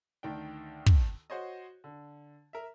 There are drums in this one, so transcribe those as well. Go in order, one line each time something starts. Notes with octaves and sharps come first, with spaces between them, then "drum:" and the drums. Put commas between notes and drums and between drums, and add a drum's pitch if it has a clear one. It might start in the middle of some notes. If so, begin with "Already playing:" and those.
D2 D#3 D4 G5
drum: kick
F#4 C5 C#5 D#5
D3
A#4 E5